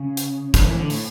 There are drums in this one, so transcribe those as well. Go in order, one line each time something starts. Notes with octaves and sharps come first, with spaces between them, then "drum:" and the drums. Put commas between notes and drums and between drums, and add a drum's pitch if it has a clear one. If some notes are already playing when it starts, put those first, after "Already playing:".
Already playing: C#3
drum: hi-hat
D3, drum: kick, hi-hat
E3
D3
A2, drum: open hi-hat